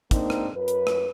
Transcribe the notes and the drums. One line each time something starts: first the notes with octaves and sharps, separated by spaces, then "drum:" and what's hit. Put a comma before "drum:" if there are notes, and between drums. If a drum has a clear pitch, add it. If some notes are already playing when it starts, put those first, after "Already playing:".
G#2 A#3 C4 D4 D#4, drum: kick, hi-hat
drum: rim click
F#2 B4
drum: hi-hat
drum: rim click